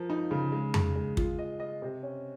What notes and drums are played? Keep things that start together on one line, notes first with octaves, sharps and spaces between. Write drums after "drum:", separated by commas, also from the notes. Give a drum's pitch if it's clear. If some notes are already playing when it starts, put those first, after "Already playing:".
Already playing: F3 A#4
D#4
C#3
G#3
G#3, drum: tom F2
G#3
F4, drum: kick
D#5
D#5
C3
C#4